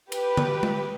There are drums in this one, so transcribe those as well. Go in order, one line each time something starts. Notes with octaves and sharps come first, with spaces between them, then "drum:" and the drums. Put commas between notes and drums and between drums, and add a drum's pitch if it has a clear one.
G4 B4, drum: cymbal
drum: tom D3
drum: tom G#3